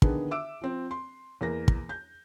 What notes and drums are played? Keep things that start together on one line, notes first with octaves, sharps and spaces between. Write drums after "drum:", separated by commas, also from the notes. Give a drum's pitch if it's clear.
D3 D#3 B3 D4 G#4, drum: kick
E5 D6 E6 D7
F3 C4
C6
E2 A#3 A#6
drum: kick
G6